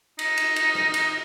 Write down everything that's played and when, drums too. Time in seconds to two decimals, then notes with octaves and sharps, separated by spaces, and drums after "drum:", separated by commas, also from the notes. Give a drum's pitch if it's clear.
0.19 D#4, drum: cymbal
0.38 drum: cymbal
0.56 drum: cymbal
0.75 drum: rim click
0.94 drum: cymbal